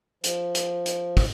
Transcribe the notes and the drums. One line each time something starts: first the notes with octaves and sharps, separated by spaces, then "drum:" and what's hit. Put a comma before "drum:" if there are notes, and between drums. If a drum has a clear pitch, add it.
F3, drum: hi-hat
drum: hi-hat
drum: hi-hat
drum: kick, open hi-hat